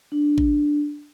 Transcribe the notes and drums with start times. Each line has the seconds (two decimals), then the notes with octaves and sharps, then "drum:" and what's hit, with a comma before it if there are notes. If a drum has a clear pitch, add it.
0.12 D4
0.38 drum: kick A1